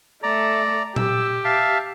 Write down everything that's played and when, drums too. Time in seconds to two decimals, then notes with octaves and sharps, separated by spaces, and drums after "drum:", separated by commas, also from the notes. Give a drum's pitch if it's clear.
0.23 A3 D5 A#5
0.96 G4 E6, drum: tom A#2
1.44 E5 F5 A5